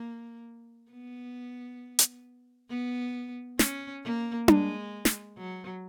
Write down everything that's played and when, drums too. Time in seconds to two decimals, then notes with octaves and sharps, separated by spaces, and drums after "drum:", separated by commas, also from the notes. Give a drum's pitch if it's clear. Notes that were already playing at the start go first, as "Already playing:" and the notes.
Already playing: A#3
0.91 B3
1.99 drum: hi-hat
2.69 B3
3.59 C#4, drum: snare
4.03 A#3
4.48 G#3, drum: tom D4
5.05 drum: snare
5.37 F#3